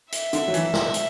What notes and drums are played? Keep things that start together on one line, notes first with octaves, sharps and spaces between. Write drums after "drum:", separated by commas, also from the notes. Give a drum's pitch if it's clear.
E5, drum: hi-hat
D3, drum: hi-hat
F#3
E3, drum: hi-hat
drum: snare
drum: hi-hat